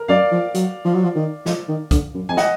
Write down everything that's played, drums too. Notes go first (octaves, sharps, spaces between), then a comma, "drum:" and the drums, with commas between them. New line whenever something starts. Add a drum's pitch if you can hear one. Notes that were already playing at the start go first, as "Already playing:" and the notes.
Already playing: A#4
F#2 D5 F5
F3
F#3, drum: hi-hat
F3
F#3
F3
D#3
F3, drum: snare
D#3
D3, drum: kick B1, hi-hat
F#2
F2 G#5
D#5 F#5, drum: snare